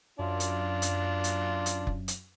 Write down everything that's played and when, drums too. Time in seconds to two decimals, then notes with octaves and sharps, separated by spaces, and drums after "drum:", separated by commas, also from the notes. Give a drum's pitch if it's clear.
0.19 F#2 D4 F4
0.40 drum: hi-hat
0.82 drum: hi-hat
1.24 drum: hi-hat
1.66 drum: hi-hat
1.87 drum: kick F1
2.08 drum: hi-hat